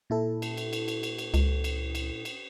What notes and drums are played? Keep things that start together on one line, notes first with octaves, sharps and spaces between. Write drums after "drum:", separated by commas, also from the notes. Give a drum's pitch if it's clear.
A#2 E4 A4
drum: cymbal
drum: cymbal
drum: cymbal
drum: cymbal
drum: cymbal
drum: cymbal
C#2, drum: cymbal
drum: cymbal
drum: cymbal
drum: cymbal